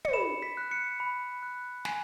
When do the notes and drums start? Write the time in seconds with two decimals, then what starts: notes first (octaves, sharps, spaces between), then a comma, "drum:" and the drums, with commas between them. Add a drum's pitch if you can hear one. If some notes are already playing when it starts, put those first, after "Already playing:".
0.05 C#7, drum: tom
0.13 B5 E7
0.42 B6
0.57 F#6
0.71 C#7
1.00 B5
1.43 F#6
1.85 G#5, drum: snare